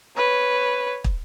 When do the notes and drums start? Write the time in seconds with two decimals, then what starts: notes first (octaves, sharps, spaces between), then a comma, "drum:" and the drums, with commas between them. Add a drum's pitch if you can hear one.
0.17 B4 C#5
1.04 drum: kick